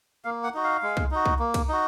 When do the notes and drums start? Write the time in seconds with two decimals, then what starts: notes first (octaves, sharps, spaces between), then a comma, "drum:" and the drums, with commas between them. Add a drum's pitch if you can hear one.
0.24 A#3 F5
0.44 F#5
0.54 D#4 F#4
0.64 F5
0.83 G#3
0.97 drum: kick
1.11 D#4 F#4
1.26 drum: kick
1.39 A#3
1.54 drum: kick, cymbal
1.69 D#4 F#4